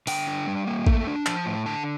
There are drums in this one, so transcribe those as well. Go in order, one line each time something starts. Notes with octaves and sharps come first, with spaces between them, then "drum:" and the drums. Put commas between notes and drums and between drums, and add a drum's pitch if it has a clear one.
D3 G5, drum: open hi-hat
D4
G3
A#3
A3, drum: kick A1
D4
F3 A5, drum: clap
A2
D3 A5